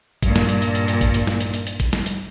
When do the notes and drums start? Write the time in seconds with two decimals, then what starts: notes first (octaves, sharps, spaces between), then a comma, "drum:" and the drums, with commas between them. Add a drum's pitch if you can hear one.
0.23 G2 A#2, drum: kick, hi-hat
0.36 drum: snare
0.49 drum: hi-hat
0.62 drum: hi-hat
0.75 drum: hi-hat
0.88 drum: hi-hat
1.01 drum: kick, hi-hat
1.14 drum: hi-hat
1.27 drum: snare
1.40 drum: hi-hat
1.54 drum: hi-hat
1.67 drum: hi-hat
1.80 drum: kick, hi-hat
1.93 drum: snare
2.06 drum: hi-hat